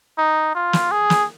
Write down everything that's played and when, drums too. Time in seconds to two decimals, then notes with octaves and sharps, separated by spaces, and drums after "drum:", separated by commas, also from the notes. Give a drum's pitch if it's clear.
0.18 D#4
0.55 F4
0.73 drum: snare
0.91 G#4
1.10 drum: snare